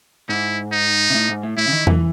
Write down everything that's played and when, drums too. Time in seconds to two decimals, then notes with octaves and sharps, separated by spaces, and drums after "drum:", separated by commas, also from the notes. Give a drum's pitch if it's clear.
0.29 G#2 E4
0.72 D#4
1.10 C3
1.15 A2
1.29 G#2
1.43 A2
1.57 A2 E4
1.68 C#3
1.73 D#3
1.87 E3, drum: tom E2